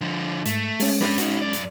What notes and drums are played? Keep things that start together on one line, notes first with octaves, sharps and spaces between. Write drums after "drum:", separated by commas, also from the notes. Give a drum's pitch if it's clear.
D3 F3
G#2 A3, drum: hi-hat
G#3 C#4, drum: open hi-hat
D4 B4, drum: snare
D#4 F#4, drum: hi-hat
F#2 D5
drum: hi-hat